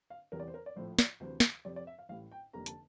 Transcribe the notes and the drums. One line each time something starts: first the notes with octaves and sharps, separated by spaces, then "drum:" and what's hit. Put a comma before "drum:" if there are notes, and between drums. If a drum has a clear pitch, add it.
F5
E2 C3 E3 G3 A#4
D5
C5
A#4
D5
A#1 A2 F3 A3 C5
D5, drum: snare
D2 C3 E3 C5
drum: snare
F2 C3 G3 C4 D5
D5
E5
F5
A1 A2 G3 F5
G5
F1 F2 D3 G3 A#3 A#5
A5, drum: hi-hat